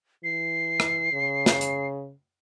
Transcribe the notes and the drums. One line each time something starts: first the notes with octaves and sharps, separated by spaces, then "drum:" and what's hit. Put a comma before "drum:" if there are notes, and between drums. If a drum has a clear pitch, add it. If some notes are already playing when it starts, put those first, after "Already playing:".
E3 C7
drum: rim click
C#3
drum: snare
drum: hi-hat